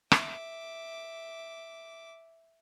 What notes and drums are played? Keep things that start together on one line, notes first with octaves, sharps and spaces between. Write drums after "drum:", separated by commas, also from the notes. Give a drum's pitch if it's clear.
E5 D6, drum: rim click